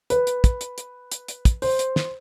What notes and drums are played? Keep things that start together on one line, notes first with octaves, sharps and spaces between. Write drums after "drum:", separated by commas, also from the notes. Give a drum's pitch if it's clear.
B4, drum: hi-hat
drum: hi-hat
drum: kick, hi-hat
drum: hi-hat
drum: hi-hat
drum: hi-hat
drum: hi-hat
drum: kick, hi-hat
C5, drum: open hi-hat
drum: hi-hat
drum: snare